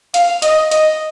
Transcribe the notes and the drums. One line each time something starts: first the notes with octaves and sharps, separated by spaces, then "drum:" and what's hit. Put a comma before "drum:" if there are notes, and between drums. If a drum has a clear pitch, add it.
F5, drum: hi-hat
D#5, drum: hi-hat
D#5, drum: hi-hat